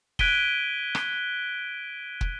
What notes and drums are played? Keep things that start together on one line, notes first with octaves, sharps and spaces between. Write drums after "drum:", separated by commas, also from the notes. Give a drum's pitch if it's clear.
F#6 G#6 B6 D7 D#7 G7, drum: kick
drum: rim click
drum: kick